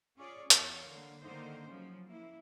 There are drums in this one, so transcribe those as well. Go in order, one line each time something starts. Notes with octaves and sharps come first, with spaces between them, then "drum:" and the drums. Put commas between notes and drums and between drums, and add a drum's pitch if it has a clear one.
C#4 F4 G#4 C#5 D5
E2 C#5 F5, drum: hi-hat
D3 A#3
D3 D#3 A#3 D#4 C5
C#3 F3 F#3
A#3 E4